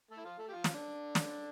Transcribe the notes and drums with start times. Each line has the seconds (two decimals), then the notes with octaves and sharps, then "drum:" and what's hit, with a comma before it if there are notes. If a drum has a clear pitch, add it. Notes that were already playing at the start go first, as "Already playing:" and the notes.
0.11 A3 A4
0.17 E4
0.25 F3 F4
0.38 A3 A4
0.48 G4
0.52 F3 F4
0.64 drum: snare
0.74 D3 D4
1.15 drum: snare